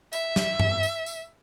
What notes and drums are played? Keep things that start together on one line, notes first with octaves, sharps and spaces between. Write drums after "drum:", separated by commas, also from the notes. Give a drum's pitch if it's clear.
E5, drum: tambourine
drum: snare
drum: tom G2
drum: tambourine
drum: tambourine